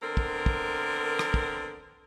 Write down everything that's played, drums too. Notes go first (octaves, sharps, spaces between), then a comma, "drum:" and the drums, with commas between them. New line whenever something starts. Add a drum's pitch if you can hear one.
D3 B3 C4 A#4
drum: kick
drum: kick
drum: rim click
drum: kick